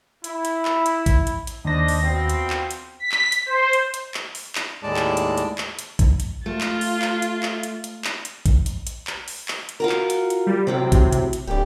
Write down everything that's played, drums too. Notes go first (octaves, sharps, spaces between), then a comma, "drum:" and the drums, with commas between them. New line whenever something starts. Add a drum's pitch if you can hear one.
E4, drum: hi-hat
drum: hi-hat
drum: clap
drum: hi-hat
drum: kick, hi-hat
drum: hi-hat
drum: hi-hat
D#2 D4 C5 D#5 A#6
drum: open hi-hat
B2 F3 C4
drum: hi-hat
drum: clap
drum: hi-hat
B6
drum: clap
drum: hi-hat
C5
drum: hi-hat
drum: hi-hat
drum: clap
drum: open hi-hat
drum: clap
D#2 A2 G#3 D5 A5
drum: clap
drum: hi-hat
drum: hi-hat
drum: clap
drum: hi-hat
drum: kick, hi-hat
drum: hi-hat
A3 F4
drum: clap
drum: open hi-hat
drum: clap
drum: hi-hat
drum: clap
drum: hi-hat
drum: hi-hat
drum: clap
drum: hi-hat
drum: kick, hi-hat
drum: hi-hat
drum: hi-hat
drum: clap
drum: open hi-hat
drum: clap
drum: hi-hat
F4 F#4 A#4
drum: clap
drum: hi-hat
drum: hi-hat
G3
A2 C3 F#3 C4
drum: kick, hi-hat
drum: hi-hat
drum: hi-hat
D1 G4 D5